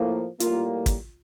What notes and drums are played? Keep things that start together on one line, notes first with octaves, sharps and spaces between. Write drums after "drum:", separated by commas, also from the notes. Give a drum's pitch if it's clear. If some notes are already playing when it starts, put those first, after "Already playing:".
Already playing: A2 F3 A#3
A2 G3 A#3 F4, drum: hi-hat
drum: kick, hi-hat